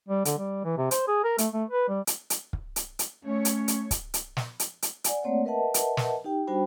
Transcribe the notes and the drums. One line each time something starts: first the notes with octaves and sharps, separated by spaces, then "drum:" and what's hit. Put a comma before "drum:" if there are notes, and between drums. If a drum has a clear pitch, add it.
G3
D3, drum: hi-hat
G3
E3
C3
C5, drum: hi-hat
G#4
A#4
A3, drum: hi-hat
A3
B4
G3
drum: hi-hat
drum: hi-hat
drum: kick
drum: hi-hat
drum: hi-hat
A3 C#4 C#5
drum: hi-hat
drum: hi-hat
drum: kick, hi-hat
drum: hi-hat
drum: snare
drum: hi-hat
drum: hi-hat
D5 F#5 G#5, drum: hi-hat
A3 A#3 C4 C#5 D5 F#5
A#4 B4 D#5 E5 F#5 A5
drum: hi-hat
drum: snare
D#4 G4 G5
G3 D4 F#4 C5 G5 B5